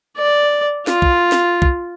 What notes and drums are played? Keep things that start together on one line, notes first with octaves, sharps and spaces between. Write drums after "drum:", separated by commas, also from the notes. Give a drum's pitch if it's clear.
D5
F4, drum: snare
drum: kick C2
drum: snare
drum: kick C2